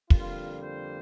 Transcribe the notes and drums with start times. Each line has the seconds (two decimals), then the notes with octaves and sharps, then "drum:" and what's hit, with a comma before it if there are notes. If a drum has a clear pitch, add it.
0.10 F2 D3 G3 A#3 F4, drum: kick
0.61 C5